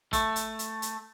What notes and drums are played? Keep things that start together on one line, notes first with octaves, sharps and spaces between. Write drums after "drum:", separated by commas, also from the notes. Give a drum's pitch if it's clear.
A3, drum: kick, hi-hat
drum: hi-hat
drum: hi-hat
drum: hi-hat